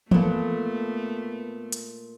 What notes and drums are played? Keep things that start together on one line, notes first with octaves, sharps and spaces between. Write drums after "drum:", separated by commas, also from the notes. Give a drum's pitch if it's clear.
A#2 A3 B3 A4, drum: tom E3
drum: hi-hat